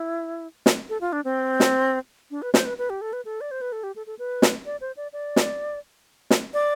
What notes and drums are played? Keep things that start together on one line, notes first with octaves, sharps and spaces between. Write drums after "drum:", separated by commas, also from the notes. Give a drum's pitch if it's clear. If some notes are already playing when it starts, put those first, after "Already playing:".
Already playing: E4
drum: snare
A4
F4
D4
C4
drum: snare
D4
B4
C5, drum: snare
B4
B4
G4
A4
B4
A4
D5
C5
B4
A4
G4
A4
A4
B4
drum: snare
D5
C5
D5
D5
drum: snare
drum: snare
D5